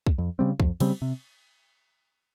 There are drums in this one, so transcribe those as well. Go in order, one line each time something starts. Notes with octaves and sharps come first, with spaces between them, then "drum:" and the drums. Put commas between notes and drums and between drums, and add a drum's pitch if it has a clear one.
drum: kick
F2
C#3 G3 C4
F2, drum: kick
C#3 G3 C4, drum: cymbal
C3